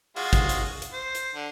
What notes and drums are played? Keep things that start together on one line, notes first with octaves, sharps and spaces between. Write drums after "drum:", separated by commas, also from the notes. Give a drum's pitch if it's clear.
G#3 F4 F#4, drum: open hi-hat
drum: kick, hi-hat
drum: hi-hat
drum: open hi-hat
drum: hi-hat
C5
drum: hi-hat
D3